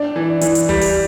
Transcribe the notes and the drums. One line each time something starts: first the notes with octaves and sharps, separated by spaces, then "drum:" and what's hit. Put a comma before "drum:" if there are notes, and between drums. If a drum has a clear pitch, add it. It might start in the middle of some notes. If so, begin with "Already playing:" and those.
Already playing: D4 D5
E3
E3, drum: hi-hat
drum: hi-hat
G3, drum: kick
drum: open hi-hat